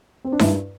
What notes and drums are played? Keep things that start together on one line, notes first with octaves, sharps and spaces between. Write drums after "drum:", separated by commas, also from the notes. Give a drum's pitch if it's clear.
C4
D4
G2 E4, drum: snare D#4